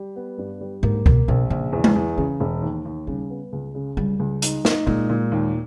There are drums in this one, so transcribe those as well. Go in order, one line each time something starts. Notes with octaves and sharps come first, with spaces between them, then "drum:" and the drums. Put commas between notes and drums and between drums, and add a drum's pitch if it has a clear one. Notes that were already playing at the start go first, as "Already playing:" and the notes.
Already playing: G3
B3
G2
G3
G#2 A#3
B2 A#3, drum: kick C2
A#1 B2
A#1 C#3
E2
drum: tom G#3
E2
C#3 E3
E1
D#2
D#2
C#3 G3
B3
C#2
C#3
C#2 G3
C#2
D#4, drum: hi-hat
D#4, drum: snare
A#2 G#3
A#2
D#2